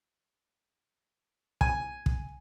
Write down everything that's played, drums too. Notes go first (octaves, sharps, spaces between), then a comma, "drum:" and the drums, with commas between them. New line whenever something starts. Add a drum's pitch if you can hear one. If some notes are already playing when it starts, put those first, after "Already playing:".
G#5, drum: kick
drum: kick